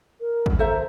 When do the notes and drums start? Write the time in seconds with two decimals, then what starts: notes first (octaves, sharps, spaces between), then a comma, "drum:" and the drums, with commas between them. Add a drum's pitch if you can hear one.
0.20 A#4
0.46 drum: kick
0.59 A4 C5 E5 A#5